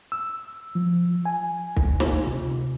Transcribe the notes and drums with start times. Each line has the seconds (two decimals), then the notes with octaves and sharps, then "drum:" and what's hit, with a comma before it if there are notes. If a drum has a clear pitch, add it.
0.12 E6
0.75 F3
1.25 G#5
1.76 drum: kick
2.00 F4, drum: snare
2.27 C3